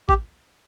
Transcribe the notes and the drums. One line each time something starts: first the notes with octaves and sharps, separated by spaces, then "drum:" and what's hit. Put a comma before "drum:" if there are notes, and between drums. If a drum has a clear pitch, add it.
G4, drum: kick A1